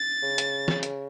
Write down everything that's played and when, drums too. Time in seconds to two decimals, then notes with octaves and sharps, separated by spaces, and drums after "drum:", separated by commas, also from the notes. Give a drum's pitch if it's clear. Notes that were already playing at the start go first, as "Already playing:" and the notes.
Already playing: A6
0.23 C#3
0.38 drum: hi-hat
0.68 drum: snare
0.83 drum: hi-hat